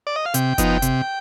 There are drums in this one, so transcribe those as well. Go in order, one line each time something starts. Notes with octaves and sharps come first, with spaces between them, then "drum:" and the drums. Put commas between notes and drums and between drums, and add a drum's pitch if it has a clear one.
D5
D#5
F5
C3 G5, drum: hi-hat
F3 B3 D#4, drum: kick F#1, hi-hat
C3, drum: hi-hat